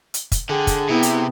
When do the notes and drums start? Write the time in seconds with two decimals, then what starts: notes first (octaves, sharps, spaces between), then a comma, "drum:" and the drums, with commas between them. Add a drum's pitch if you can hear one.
0.14 drum: hi-hat
0.32 drum: kick, hi-hat
0.49 D3 G#4 G5
0.67 drum: kick, hi-hat
0.89 C3 B3 E4 G5
1.03 drum: hi-hat